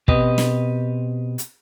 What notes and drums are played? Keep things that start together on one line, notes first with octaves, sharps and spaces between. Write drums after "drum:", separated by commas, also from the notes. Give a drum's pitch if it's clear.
B2 C4 G4 B4 D#5, drum: kick
drum: snare
drum: hi-hat